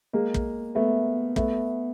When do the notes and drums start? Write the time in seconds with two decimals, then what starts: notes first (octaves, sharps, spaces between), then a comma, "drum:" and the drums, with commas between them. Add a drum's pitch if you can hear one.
0.13 G#3 A#3
0.34 drum: kick
0.75 A3 B3
1.36 A3 B3, drum: kick